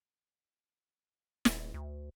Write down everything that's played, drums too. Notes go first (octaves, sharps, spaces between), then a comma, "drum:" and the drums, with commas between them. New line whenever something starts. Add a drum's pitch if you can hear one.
D#1, drum: snare
D2